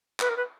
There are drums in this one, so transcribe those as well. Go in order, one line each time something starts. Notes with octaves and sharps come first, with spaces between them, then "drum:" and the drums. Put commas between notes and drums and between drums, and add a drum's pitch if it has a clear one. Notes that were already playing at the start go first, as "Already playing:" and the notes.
B4, drum: clap
A#4
B4